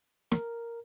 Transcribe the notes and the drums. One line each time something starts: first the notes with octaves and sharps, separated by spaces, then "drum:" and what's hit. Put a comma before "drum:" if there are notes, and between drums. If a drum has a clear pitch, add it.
A#4, drum: snare